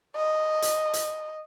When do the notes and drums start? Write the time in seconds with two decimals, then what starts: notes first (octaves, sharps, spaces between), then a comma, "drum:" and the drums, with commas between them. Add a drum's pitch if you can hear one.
0.16 D#5
0.62 drum: hi-hat
0.93 drum: hi-hat